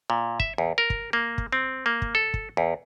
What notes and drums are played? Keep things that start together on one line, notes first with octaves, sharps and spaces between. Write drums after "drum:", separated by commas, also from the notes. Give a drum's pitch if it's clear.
A#2
E5, drum: kick
E2
A#4
drum: kick
A#3
drum: kick
C4
A#3
drum: kick
A4
drum: kick
E2